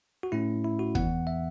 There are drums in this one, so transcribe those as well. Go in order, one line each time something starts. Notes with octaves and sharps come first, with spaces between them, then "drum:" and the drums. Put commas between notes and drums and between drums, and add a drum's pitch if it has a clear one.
F#4
A2 A3 C#4 E4
E4
F#4
E2 E3 B3 F#5, drum: kick
E5